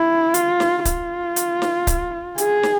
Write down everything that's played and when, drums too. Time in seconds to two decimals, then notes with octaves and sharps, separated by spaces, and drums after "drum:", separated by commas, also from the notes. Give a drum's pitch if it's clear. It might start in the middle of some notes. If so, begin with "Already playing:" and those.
Already playing: E4
0.34 F4, drum: hi-hat
0.60 drum: snare
0.85 F4, drum: kick C#1, hi-hat
1.36 drum: hi-hat
1.62 drum: snare
1.87 drum: kick C#1, hi-hat
2.38 G#4, drum: hi-hat
2.63 drum: snare